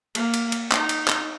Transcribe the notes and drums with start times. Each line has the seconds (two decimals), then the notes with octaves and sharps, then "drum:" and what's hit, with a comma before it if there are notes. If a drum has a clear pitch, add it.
0.15 A#3, drum: cymbal
0.34 drum: cymbal
0.52 drum: cymbal
0.72 D#4, drum: clap
0.89 drum: cymbal
1.08 drum: clap